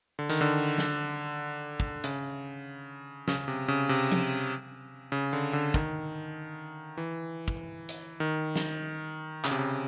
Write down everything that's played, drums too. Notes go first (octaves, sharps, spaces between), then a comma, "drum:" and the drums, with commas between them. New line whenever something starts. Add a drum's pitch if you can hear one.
D3
D#3, drum: tambourine
D3
drum: snare
drum: kick
C#3, drum: hi-hat
C#3, drum: snare
C3
C#3
C3
drum: tom F3
C#3
D3
D3
D#3, drum: kick
E3
drum: kick
drum: hi-hat
D#3
drum: snare
C#3, drum: clap
C3
C#3